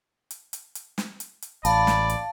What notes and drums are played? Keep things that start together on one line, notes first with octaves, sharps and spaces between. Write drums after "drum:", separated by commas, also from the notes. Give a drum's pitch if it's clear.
drum: hi-hat
drum: hi-hat
drum: hi-hat
drum: snare
drum: hi-hat
drum: hi-hat
A1 D5 F5 A5 B5, drum: hi-hat
drum: snare
drum: hi-hat